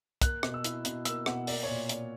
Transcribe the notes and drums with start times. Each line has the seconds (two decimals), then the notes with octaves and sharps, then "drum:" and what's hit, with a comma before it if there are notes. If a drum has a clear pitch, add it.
0.22 A#3 F#6, drum: kick, hi-hat
0.43 B2, drum: rim click
0.54 E6
0.64 E4, drum: hi-hat
0.85 B2, drum: hi-hat
1.05 A#3 E6, drum: hi-hat
1.26 B2 F#5, drum: rim click
1.47 A#3 D5, drum: open hi-hat
1.63 A#2 C#5
1.89 drum: hi-hat